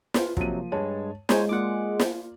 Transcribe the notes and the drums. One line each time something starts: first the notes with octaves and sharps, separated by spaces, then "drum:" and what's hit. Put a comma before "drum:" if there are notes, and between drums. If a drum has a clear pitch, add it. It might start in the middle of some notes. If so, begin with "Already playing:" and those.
F4 B4, drum: snare
C3 F3 F#3 A#3 D#7, drum: kick
G2 G#3 C#5 A5
G#3 C5 C#5 G#5 A#5, drum: snare
A#3 F4 D5 F#5 D6
drum: snare